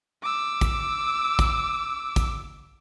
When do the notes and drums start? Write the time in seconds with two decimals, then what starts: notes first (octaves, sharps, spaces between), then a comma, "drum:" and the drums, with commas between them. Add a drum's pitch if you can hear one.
0.23 D6 E6
0.61 drum: kick, hi-hat
1.39 drum: kick, hi-hat
2.16 drum: kick, hi-hat